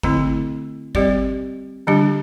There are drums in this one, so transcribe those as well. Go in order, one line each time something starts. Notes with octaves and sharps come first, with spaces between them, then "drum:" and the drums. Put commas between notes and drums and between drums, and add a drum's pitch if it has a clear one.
D3 A3 C4 E4, drum: kick G#1
G3 C4 G4 D5, drum: kick G#1
D3 G3 D4 G4